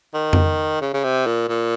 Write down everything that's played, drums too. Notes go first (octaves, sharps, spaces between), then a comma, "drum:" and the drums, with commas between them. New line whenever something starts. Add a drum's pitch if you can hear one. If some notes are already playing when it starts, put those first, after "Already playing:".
D#3
drum: tom F2
C#3
C#3
C3
A#2
A#2